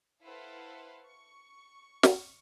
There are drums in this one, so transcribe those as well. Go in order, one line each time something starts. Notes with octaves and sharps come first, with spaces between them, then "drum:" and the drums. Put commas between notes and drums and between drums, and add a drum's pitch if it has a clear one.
E4 A4 B4 C5 F5 F#5
C#6
drum: snare